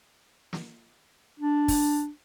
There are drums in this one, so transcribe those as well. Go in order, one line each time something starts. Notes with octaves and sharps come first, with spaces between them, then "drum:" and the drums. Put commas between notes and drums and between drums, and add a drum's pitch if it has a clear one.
drum: snare
D4
drum: kick, open hi-hat